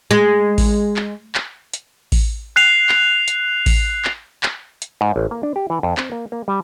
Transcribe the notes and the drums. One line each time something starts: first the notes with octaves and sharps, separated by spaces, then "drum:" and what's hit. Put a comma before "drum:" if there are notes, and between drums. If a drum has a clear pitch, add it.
G#3
drum: kick A1, open hi-hat
drum: clap
drum: clap
drum: hi-hat
drum: kick A1, open hi-hat
F#6 C7 F7
drum: clap
drum: hi-hat
drum: kick A1, open hi-hat
drum: clap
drum: clap
drum: hi-hat
G#2
A1
A#3
D4
G4
E3
F2
C4, drum: clap
A#3
A#3
G3